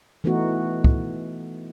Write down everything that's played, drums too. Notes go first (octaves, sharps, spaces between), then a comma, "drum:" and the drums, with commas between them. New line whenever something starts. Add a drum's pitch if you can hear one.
E3 A3 B3 D#4 F#4
drum: kick